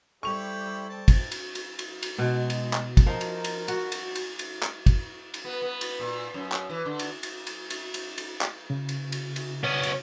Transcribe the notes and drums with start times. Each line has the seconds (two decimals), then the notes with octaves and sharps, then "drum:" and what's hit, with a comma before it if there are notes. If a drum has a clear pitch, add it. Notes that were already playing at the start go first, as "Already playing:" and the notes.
0.23 G3 E4 G4 A4 C5 C#6 F7
0.90 C4 A5
1.08 drum: kick, cymbal
1.32 drum: cymbal
1.55 drum: cymbal
1.79 drum: cymbal
2.03 drum: cymbal
2.18 B2 G#3
2.50 drum: cymbal
2.73 drum: clap
2.97 drum: kick, cymbal
3.06 F3 D#4 A#4
3.21 drum: cymbal
3.44 drum: cymbal
3.68 F#4, drum: cymbal
3.92 drum: cymbal
4.15 drum: cymbal
4.39 drum: cymbal
4.63 drum: clap
4.86 drum: kick, cymbal
5.34 drum: cymbal
5.44 B3
5.62 B3
5.81 drum: cymbal
6.00 A#2
6.34 F#2
6.52 drum: clap
6.69 E3
6.86 D3
6.99 drum: cymbal
7.23 drum: cymbal
7.47 drum: cymbal
7.70 drum: cymbal
7.94 drum: cymbal
8.18 drum: cymbal
8.41 drum: clap
8.70 C#3
8.89 drum: cymbal
9.12 drum: cymbal
9.36 drum: cymbal
9.64 B3 C#4
9.83 drum: cymbal